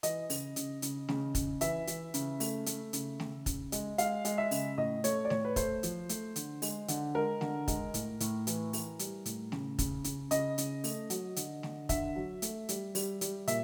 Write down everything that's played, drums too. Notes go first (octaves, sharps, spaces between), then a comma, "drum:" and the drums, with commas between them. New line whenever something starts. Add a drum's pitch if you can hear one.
E3 D#5, drum: hi-hat
C#3, drum: open hi-hat
C#3, drum: hi-hat
C#3, drum: hi-hat
C#3, drum: snare A3
C#3, drum: kick, hi-hat
E3 E5, drum: hi-hat
E3, drum: hi-hat
C#3, drum: hi-hat
A3, drum: open hi-hat
A3, drum: hi-hat
C#3, drum: hi-hat
C#3, drum: snare A3
C#3, drum: kick, hi-hat
G#3, drum: hi-hat
G#3 F5, drum: hi-hat
G#3, drum: hi-hat
E5
C#3, drum: open hi-hat
A2 D#5
A3 C#5, drum: hi-hat
D5
A2 C#5, drum: snare A3
B4
A3 C5, drum: kick, hi-hat
F3, drum: hi-hat
A3, drum: hi-hat
D3, drum: hi-hat
G#3, drum: open hi-hat
D3, drum: hi-hat
G#3 A#4
D3, drum: snare A3
G#3, drum: kick, hi-hat
A2, drum: hi-hat
A2, drum: hi-hat
E3, drum: hi-hat
E3, drum: open hi-hat
G3, drum: hi-hat
A2, drum: hi-hat
C#3, drum: snare A3
C#3, drum: kick, hi-hat
C#3, drum: hi-hat
C#3 D#5, drum: hi-hat
C#3, drum: hi-hat
A3, drum: open hi-hat
F#3, drum: hi-hat
D3, drum: hi-hat
D3, drum: snare A3
D3 E5, drum: kick, hi-hat
F#3
A3, drum: hi-hat
G3, drum: hi-hat
G3, drum: open hi-hat
G3, drum: hi-hat
A#2 E5, drum: hi-hat